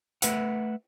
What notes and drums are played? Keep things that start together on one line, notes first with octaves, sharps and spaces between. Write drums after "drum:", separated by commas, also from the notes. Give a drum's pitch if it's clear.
A3 B4 E5 F#5, drum: hi-hat